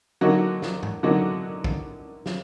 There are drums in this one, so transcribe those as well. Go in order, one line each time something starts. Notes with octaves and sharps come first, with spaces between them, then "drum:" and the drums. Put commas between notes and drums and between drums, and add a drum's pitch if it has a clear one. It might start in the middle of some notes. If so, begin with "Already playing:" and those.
D3 F#3 A#3 D#4 F#4
drum: snare
drum: tom G#2
D3 F#3 A#3 D#4 F#4
drum: kick
drum: snare